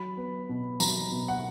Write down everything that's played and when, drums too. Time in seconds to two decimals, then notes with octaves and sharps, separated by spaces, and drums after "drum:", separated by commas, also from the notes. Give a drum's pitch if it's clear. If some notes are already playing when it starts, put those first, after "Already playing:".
Already playing: F#3 B5
0.17 B3
0.49 B2
0.80 F#3 A#5, drum: tambourine
1.11 B2
1.28 F#5